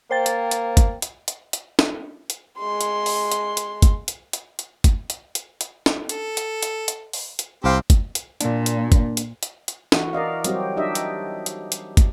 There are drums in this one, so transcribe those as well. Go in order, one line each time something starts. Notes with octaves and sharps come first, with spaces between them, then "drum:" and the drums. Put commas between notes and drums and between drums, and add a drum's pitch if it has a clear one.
A#3 C5 G5 A6
drum: hi-hat
drum: hi-hat
drum: kick, hi-hat
drum: hi-hat
drum: hi-hat
drum: hi-hat
drum: snare
drum: hi-hat
G#3 C6
drum: hi-hat
drum: open hi-hat
drum: hi-hat
drum: hi-hat
drum: kick, hi-hat
drum: hi-hat
drum: hi-hat
drum: hi-hat
drum: kick, hi-hat
drum: hi-hat
drum: hi-hat
drum: hi-hat
drum: snare
A4, drum: hi-hat
drum: hi-hat
drum: hi-hat
drum: hi-hat
drum: open hi-hat
drum: hi-hat
C2 C4 G4 C5 F5
drum: kick, hi-hat
drum: hi-hat
A#2 A#3 D4, drum: hi-hat
drum: hi-hat
drum: kick, hi-hat
drum: hi-hat
drum: hi-hat
drum: hi-hat
E3 F#4, drum: snare
A#4 D5 D#5 F5
F#3 G3 C4 F#4 G4, drum: hi-hat
D4 D#4 G4 D#5 E5
drum: hi-hat
drum: hi-hat
drum: hi-hat
drum: kick, hi-hat